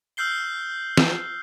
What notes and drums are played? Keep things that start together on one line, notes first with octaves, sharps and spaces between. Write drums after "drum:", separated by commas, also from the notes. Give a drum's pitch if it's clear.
E6 F6 G6 C7 G7
drum: snare